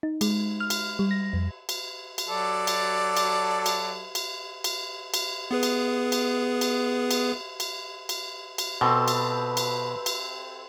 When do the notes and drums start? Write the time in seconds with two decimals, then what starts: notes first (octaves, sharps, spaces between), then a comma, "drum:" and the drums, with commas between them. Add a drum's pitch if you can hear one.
0.03 D#4
0.21 G#3, drum: cymbal
0.60 F6
0.70 drum: cymbal
0.99 G3
1.11 A#6
1.33 F2
1.69 drum: cymbal
2.18 drum: cymbal
2.28 F#3 A4 D5
2.67 drum: cymbal
3.17 drum: cymbal
3.66 drum: cymbal
4.15 drum: cymbal
4.64 drum: cymbal
5.14 drum: cymbal
5.51 B3 G#4 B4
5.63 drum: cymbal
6.12 drum: cymbal
6.61 drum: cymbal
7.11 drum: cymbal
7.60 drum: cymbal
8.09 drum: cymbal
8.58 drum: cymbal
8.81 B2 C4 A4 B4 C6
9.08 drum: cymbal
9.57 drum: cymbal
10.06 drum: cymbal